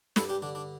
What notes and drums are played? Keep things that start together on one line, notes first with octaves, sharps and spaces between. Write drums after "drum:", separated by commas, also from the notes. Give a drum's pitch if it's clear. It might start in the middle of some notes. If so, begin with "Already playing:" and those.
G2 E4 A4, drum: snare
D4 G4
D3 D4
D4